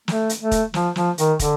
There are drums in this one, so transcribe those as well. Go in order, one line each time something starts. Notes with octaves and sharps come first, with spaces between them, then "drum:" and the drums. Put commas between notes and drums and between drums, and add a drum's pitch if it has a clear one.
A3, drum: snare
drum: hi-hat
A3
drum: kick, hi-hat
F3, drum: snare
F3, drum: snare
D#3, drum: hi-hat
D3, drum: kick, hi-hat